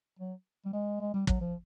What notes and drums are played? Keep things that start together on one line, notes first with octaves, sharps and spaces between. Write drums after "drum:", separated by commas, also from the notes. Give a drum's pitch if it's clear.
F#3
G3
G#3
G#3
G3
F#3, drum: kick
F3